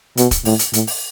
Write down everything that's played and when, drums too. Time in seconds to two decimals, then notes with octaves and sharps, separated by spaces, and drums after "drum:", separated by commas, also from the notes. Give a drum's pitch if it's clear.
0.17 B2, drum: hi-hat
0.31 drum: kick, hi-hat
0.45 A2, drum: open hi-hat
0.59 drum: hi-hat
0.73 A2, drum: hi-hat
0.87 drum: open hi-hat